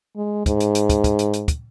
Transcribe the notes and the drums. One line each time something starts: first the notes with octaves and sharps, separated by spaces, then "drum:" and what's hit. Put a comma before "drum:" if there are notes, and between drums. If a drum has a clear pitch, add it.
G#3
G#2, drum: kick, hi-hat
drum: hi-hat
drum: hi-hat
drum: kick, hi-hat
drum: kick, hi-hat
drum: hi-hat
drum: hi-hat
drum: kick, hi-hat